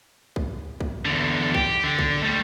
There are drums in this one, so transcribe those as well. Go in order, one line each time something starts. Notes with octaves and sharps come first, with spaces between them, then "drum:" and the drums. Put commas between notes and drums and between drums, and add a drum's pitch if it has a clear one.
drum: kick B1
drum: kick B1
E2 D3
G4, drum: kick B1
D3
drum: kick B1
G3 A3